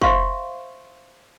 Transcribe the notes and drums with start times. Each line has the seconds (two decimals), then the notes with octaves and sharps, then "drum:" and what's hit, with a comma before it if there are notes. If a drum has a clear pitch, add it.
0.02 C5 E5 F5 C6 C#6, drum: kick